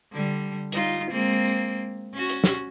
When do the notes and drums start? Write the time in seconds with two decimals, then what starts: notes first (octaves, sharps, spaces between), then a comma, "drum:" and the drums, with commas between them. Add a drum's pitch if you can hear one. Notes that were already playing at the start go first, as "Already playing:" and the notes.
0.13 D3 G3
0.72 G3 D#4 F4, drum: hi-hat
1.11 G#3 A#3 C4
2.13 C#4 F#4
2.29 drum: hi-hat
2.44 drum: snare